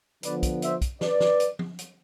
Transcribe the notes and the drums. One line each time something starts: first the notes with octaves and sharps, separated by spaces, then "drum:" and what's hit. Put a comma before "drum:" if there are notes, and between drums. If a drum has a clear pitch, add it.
D3 F3 B3 B4 D5, drum: hi-hat
drum: kick, hi-hat
C5 E5, drum: hi-hat
drum: kick, hi-hat
B4 D5, drum: snare
drum: snare
drum: hi-hat
drum: tom
drum: hi-hat